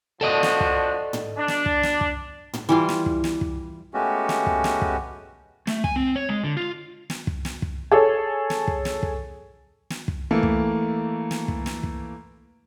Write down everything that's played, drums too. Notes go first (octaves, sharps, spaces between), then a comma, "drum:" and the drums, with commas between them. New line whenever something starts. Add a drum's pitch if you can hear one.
F3 D4 F#4 A4 D5 D#5
drum: snare
drum: kick
drum: tom
D4
drum: snare
drum: kick
drum: snare
drum: kick
drum: tom
E3 G3 F4
drum: snare
drum: kick
drum: snare
drum: kick
G#3 A3 B3 C#4 F#4 G4
drum: snare
drum: kick
drum: snare
drum: kick
A3, drum: snare
G#5, drum: kick
C4
C#5
G#3
D3
F4
drum: snare
drum: kick
drum: snare
drum: kick
G#4 A4 C#5
drum: snare
drum: kick
drum: snare
drum: kick
drum: snare
drum: kick
E3 A3 A#3
drum: kick
drum: snare
drum: kick
drum: snare
drum: kick